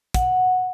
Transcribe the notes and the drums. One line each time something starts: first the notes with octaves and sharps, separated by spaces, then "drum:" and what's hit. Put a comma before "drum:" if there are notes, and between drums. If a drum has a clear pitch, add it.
F#5, drum: kick, hi-hat